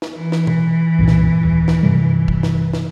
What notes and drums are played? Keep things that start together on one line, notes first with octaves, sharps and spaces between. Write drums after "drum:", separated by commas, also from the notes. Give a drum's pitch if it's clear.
drum: snare
E3
drum: snare
drum: tom B2
C2 G2 A#2
drum: snare
D#1
drum: snare
G2 C3 G3
drum: kick
drum: snare
drum: snare